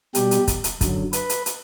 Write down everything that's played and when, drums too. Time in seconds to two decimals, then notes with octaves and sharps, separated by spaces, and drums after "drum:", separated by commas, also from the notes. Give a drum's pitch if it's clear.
0.15 B2 G3 G4, drum: hi-hat
0.31 drum: hi-hat
0.47 drum: kick, hi-hat
0.64 drum: hi-hat
0.81 F#2 D3 F#3, drum: kick, hi-hat
1.13 B4, drum: hi-hat
1.29 drum: hi-hat
1.46 drum: hi-hat